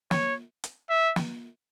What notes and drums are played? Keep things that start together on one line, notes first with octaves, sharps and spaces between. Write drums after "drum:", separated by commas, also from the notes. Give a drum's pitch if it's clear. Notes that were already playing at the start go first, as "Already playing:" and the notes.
C#5, drum: snare
drum: hi-hat
E5
drum: snare